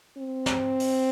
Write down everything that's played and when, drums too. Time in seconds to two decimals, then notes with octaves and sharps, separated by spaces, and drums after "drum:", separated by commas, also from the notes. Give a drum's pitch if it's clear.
0.17 C4
0.46 drum: snare
0.80 drum: open hi-hat